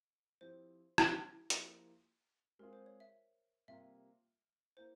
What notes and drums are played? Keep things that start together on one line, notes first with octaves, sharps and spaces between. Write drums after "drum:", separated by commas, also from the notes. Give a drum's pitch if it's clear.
F3 C4 E4 G4 C5
drum: rim click
F3 A#3 E4 G4, drum: hi-hat
G#3 C4 F4 G#4 A#4
C5
C#5
E5
C3 G3 A#3 F4 E5
A#3 E4 C5